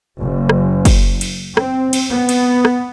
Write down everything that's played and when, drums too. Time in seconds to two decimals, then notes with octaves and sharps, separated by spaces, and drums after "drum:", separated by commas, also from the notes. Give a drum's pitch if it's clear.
0.20 F#1
0.49 drum: rim click
0.85 drum: kick, cymbal
1.21 drum: cymbal
1.57 C4, drum: rim click
1.93 drum: cymbal
2.08 B3
2.29 drum: cymbal
2.65 drum: rim click